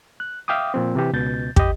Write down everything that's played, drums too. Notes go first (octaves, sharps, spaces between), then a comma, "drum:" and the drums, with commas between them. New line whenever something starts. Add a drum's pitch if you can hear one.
F#6
E5 F5 G5 D6 D#6
A#2 F3 C4
C3 E3 G4
C#2 B2 G6 A6
G4 D#5, drum: kick